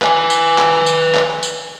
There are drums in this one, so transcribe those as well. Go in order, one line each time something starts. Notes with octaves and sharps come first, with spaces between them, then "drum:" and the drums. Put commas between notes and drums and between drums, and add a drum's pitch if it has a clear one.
B4 G#5, drum: clap
drum: tambourine
drum: clap
drum: tambourine
drum: clap
drum: tambourine